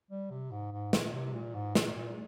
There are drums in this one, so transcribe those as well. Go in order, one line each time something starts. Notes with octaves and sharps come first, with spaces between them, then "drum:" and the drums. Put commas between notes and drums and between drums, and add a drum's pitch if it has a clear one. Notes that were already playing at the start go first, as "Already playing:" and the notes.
G3
C3
G#2
G#2
A#2, drum: snare
C3
A#2
G#2
A#2, drum: snare
A#2